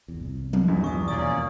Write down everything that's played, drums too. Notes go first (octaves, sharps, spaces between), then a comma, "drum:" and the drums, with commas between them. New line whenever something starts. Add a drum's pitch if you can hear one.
G#1 E2
C2
drum: tom F3
A#1 E2 G2 F3
C#6 D#6
D#2 B2 E3 A#3 C#4 D5 D#6